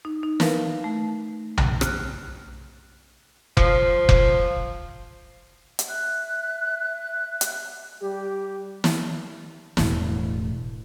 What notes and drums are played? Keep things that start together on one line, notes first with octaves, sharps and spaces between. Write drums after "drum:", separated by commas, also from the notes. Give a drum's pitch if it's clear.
D#4
D#4
A#4 B4 F5, drum: snare
A3
drum: tom B1
F6 F#6, drum: rim click
F3, drum: kick F1
drum: kick F1
drum: hi-hat
E5 F#6
drum: hi-hat
G3 G4
drum: snare
E1 A2, drum: snare